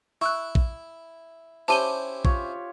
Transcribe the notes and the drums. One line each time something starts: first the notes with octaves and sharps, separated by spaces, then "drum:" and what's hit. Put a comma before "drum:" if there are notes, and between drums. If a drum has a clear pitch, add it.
E4 C#6 E6 F#6
drum: kick
C#4 E4 G4 C5 A5 D#7 G7
F4 C#5 E5, drum: kick